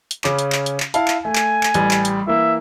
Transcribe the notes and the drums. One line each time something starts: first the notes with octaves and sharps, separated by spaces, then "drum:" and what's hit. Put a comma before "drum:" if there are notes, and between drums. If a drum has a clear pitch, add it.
drum: hi-hat
C#3 C#4 D6, drum: clap
drum: hi-hat
drum: clap
drum: hi-hat
drum: clap
E4 F5 A5, drum: hi-hat
drum: clap
A3 G#5
drum: clap
drum: clap
A1 G3, drum: hi-hat
drum: clap
drum: hi-hat
E3 A#3 E5